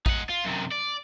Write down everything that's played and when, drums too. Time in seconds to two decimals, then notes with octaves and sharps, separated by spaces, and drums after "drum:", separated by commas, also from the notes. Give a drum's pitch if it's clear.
0.06 D#4 F#5, drum: kick A1
0.29 F4
0.45 F#2 C3
0.71 D5